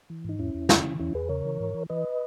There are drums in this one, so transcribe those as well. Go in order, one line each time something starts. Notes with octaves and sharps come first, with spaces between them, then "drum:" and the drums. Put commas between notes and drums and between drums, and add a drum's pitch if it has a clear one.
E3
G#2 D#4
E2 C#4 E4
E2
C#3, drum: snare
E3
E2 C#4 E4
E2 G#4 B4
C#3 A#4 C#5
E3
G#2
E3
E3 B4 D#5